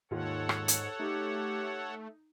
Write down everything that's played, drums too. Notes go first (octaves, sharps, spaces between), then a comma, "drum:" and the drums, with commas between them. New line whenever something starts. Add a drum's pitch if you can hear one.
D#2 G#2 F4 A4 C#5 F#5
drum: rim click
drum: hi-hat
A3 D#4 G4